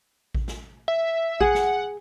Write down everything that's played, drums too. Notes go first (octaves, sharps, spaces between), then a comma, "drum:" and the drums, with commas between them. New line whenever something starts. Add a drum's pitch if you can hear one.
drum: kick A1
drum: snare
E5
G#4 F#5, drum: kick A1
drum: snare